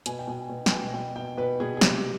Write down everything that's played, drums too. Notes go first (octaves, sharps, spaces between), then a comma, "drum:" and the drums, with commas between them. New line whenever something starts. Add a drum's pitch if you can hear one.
B2 G#5, drum: hi-hat
G5
B2 G#5
B2
G5, drum: snare
B2 G#5
B2 G5
B2 G5
B2 B4
B2 G#4
G#4
C3 G4, drum: snare